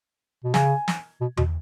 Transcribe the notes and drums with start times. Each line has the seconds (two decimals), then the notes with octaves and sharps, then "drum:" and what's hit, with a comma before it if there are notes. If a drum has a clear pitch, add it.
0.44 B2
0.54 C#3 G#5, drum: snare
0.88 drum: snare
1.21 B2
1.37 B2, drum: tom E2